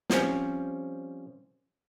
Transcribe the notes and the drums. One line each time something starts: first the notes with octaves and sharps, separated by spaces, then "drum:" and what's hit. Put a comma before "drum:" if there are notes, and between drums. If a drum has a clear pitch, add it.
F3 G3 C4 C#4, drum: snare